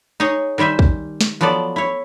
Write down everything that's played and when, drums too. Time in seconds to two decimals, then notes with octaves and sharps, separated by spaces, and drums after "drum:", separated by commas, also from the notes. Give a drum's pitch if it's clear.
0.20 D#4 G#4 C#5 D#5
0.58 D#3 G3 C5 E5 G#5
0.79 drum: kick
1.21 drum: snare
1.41 F3 F#3 B3 A4 D5
1.76 E4 C#5